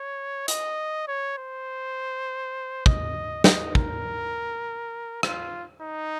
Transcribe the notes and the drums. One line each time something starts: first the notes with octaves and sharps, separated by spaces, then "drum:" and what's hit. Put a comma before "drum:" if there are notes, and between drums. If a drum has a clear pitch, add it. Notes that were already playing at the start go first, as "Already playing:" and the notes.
Already playing: C#5
D#5, drum: hi-hat
C#5
C5
D#5, drum: kick
D#5, drum: snare
A#4, drum: kick
F4, drum: rim click
D#4